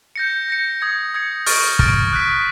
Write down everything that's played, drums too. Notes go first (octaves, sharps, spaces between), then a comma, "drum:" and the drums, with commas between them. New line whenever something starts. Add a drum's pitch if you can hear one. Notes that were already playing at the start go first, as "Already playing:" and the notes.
G6 A#6 C#7
G6 A#6 C#7
D#6 G#6 C#7
D#6 G#6 C#7
C#6 F6 A6 D7, drum: open hi-hat
C#6 F6 A6 D7, drum: kick
D#6 F#6 B6